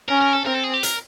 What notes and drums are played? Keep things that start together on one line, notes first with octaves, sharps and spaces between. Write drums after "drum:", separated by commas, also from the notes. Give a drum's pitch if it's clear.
C#4 A#4
A#4
A4
C4 A#4
A4
G#4
G4
A#4, drum: hi-hat